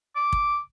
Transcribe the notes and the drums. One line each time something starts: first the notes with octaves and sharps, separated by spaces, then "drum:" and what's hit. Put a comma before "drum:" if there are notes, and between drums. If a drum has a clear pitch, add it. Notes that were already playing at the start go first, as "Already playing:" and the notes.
D6
drum: kick